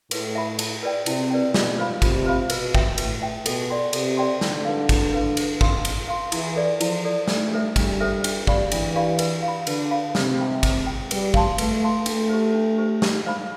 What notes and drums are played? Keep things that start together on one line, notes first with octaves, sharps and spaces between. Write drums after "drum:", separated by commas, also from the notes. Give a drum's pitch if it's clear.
A2 B4, drum: cymbal
E5 B5
E4, drum: cymbal
B4 D5 G5
C3 E4, drum: cymbal
B4 D5 G5
B2 F4, drum: snare
C5 F5 B5
C3 F4, drum: kick, cymbal
C5 F5 B5
B2 B4, drum: cymbal
E5 G5, drum: kick
A2 B4, drum: cymbal
E5 G5
B2 A4, drum: cymbal
D5 G5 C6
C3 A4, drum: cymbal
D5 G5 C6
D3 E4, drum: snare
B4 F5
E4, drum: kick, cymbal
B4 F5
C5, drum: cymbal
F5 C6, drum: kick
C5, drum: cymbal
F5 C6
E3 E4, drum: cymbal
A4 D5
F3 E4, drum: cymbal
A4 D5
A3 D4, drum: snare
A4 C5 E5
G3 D4, drum: kick, cymbal
A4 C5 E5
D4, drum: cymbal
G4 D5 F5 B5, drum: kick
E3 D4, drum: cymbal
G4 D5 F5 B5
B4, drum: cymbal
F5
B5
D3 B4, drum: cymbal
F5 B5
C3 C5, drum: snare
G5 B5
C5, drum: kick, cymbal
G5 B5
G3 B4, drum: cymbal
F5 A5 C6, drum: kick
A3 B4, drum: cymbal
F5 A5 C6
A3 D4, drum: cymbal
G4 C5
D4
G4 C5
G4, drum: snare
C5 F5 B5